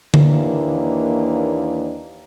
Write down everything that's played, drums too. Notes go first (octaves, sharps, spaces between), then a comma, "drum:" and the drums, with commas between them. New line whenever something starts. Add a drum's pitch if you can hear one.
D#2 E3 A#3 D4, drum: tom D3